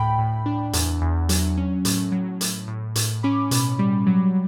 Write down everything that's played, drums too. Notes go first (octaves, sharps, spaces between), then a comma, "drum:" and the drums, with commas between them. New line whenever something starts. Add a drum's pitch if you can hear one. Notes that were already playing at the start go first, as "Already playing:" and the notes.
Already playing: D2 A2 G5 B5
A2
D4
E2, drum: hi-hat
E2
F#3, drum: hi-hat
C#4
A2, drum: hi-hat
F#3
A2, drum: hi-hat
A2
A2, drum: hi-hat
C#4 B5 D6
B2, drum: hi-hat
G3
F#3